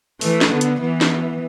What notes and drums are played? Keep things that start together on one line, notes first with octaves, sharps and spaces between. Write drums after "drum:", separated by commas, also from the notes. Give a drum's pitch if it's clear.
E3 A3, drum: open hi-hat
drum: snare
D3 B3
drum: hi-hat
E3 B3
drum: snare